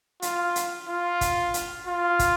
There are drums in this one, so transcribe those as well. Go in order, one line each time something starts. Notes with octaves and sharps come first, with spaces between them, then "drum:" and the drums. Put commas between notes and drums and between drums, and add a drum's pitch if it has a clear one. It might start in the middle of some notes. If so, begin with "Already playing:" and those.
F4, drum: hi-hat
drum: hi-hat
F4
drum: kick, hi-hat
drum: hi-hat
F4
drum: kick, hi-hat